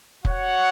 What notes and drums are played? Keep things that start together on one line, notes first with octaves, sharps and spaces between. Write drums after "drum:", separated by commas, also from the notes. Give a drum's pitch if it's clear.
F#4 C#5 F#5, drum: kick